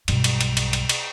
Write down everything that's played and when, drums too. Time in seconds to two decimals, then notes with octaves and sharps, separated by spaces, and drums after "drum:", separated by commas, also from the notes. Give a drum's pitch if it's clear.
0.08 B1 G2, drum: cymbal
0.24 drum: cymbal
0.41 drum: cymbal
0.57 drum: cymbal
0.73 drum: cymbal
0.89 drum: cymbal